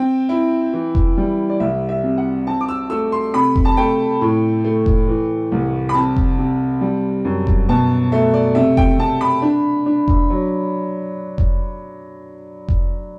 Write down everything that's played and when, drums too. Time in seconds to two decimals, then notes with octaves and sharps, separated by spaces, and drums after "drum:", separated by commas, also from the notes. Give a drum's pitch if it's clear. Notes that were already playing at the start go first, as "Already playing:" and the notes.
Already playing: C4 G5
0.29 E4
0.73 E3
0.95 drum: kick F1
1.17 G3
1.50 D5
1.60 C2 E5
1.89 E5
2.04 C3
2.18 F#5
2.47 C4 A5
2.61 D6
2.69 E6
2.90 A3 E6
3.12 C6
3.34 C3 B5
3.56 drum: kick F1
3.65 A5
3.77 A3 G5
4.21 A2
4.64 A3
4.86 drum: kick F1
5.08 E3
5.52 C2
5.89 B5
5.94 C4 A5
6.16 drum: kick F1
6.38 C3
6.81 G3
7.25 F#2
7.47 drum: kick F1
7.69 B2 A5
8.12 A3 E5
8.34 D5
8.55 C3 E5
8.77 G5, drum: kick F1
8.99 C3 A5
9.21 B5
9.42 D4
9.86 D4
10.08 drum: kick F1
10.30 F#3
11.38 drum: kick F1
12.68 drum: kick F1